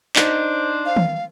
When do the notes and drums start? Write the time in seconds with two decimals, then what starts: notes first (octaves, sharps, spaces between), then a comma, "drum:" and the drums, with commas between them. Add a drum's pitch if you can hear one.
0.16 D4 D#4 C5, drum: clap
0.86 F5
0.97 drum: tom D#3